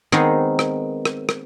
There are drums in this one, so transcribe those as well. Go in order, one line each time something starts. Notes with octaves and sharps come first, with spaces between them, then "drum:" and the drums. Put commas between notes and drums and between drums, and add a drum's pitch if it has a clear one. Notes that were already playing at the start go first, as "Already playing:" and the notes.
D#3 G#3 B3 C4 D#4, drum: rim click
drum: rim click
drum: rim click
drum: rim click